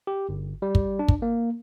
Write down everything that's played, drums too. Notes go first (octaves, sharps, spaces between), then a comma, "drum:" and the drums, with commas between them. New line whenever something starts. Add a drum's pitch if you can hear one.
G4
G1
G3
drum: kick
D4
drum: kick
A#3